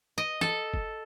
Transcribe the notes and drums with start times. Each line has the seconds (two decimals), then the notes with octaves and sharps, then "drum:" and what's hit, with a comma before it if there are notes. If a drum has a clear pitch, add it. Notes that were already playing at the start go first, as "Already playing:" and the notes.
0.18 D#5
0.41 A4, drum: snare
0.74 drum: kick